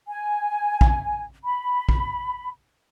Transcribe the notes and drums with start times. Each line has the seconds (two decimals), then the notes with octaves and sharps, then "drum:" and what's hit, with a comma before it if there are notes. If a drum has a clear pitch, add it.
0.08 G#5
0.81 drum: kick A#1
1.44 B5
1.89 drum: kick A#1